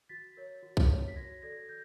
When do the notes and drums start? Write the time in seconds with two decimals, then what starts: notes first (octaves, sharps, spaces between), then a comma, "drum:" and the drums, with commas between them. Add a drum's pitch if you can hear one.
0.09 F#4 A6 B6
0.37 A#4 C#5
0.63 F#4
0.77 drum: kick
0.90 A#4 C#5
1.08 B6
1.16 F#4 G#6 A#6
1.42 A4 D5 G#6 A#6
1.69 G6